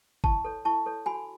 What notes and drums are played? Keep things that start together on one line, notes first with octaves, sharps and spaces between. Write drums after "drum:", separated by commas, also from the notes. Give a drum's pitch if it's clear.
E4 A5 C#6, drum: kick G1
A4 C#5
E4 A5 C#6
A4 C#5
F#4 G#5 B5